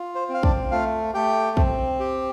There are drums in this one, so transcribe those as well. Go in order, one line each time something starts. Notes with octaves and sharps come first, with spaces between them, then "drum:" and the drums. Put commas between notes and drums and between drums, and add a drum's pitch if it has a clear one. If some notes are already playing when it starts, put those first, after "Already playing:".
Already playing: F4
C5
C4 F5
D4 D5, drum: kick
A3 F4 F5
A3 G4 G5
C4, drum: kick
G4